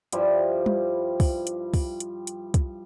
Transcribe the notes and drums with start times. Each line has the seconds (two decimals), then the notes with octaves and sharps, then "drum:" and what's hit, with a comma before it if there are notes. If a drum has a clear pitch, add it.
0.12 G2 F3 G3 E4, drum: hi-hat
0.66 drum: tom G3
1.20 drum: kick, open hi-hat
1.47 drum: hi-hat
1.74 drum: kick, open hi-hat
2.00 drum: hi-hat
2.27 drum: hi-hat
2.54 drum: kick, hi-hat